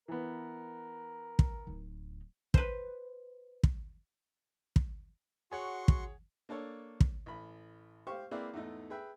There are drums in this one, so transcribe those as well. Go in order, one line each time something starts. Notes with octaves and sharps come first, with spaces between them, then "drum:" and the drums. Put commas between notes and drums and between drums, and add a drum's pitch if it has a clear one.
E3 B3 A#4
drum: kick
D1 D#4
B4 C5, drum: kick
drum: kick
drum: kick
F#4 G#4 C#5 F#5 C6 C#6
drum: kick
A#3 D4 A4 C#5
drum: kick
A1 B5
G4 C5 F5 C#6
A#3 C4 E4 G#4 B4 D5
E2 G#2 A3 D#4
G#4 B4 E5 G5